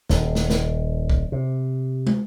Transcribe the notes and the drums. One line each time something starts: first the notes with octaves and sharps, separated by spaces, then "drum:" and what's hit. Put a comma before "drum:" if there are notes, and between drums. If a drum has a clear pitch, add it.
D#1, drum: snare
drum: snare
drum: snare
drum: kick
C3
drum: tom